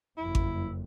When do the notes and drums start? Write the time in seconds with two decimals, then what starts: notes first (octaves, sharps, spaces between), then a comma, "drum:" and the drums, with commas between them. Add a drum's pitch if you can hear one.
0.18 F#1 F2 E4
0.35 drum: kick G#1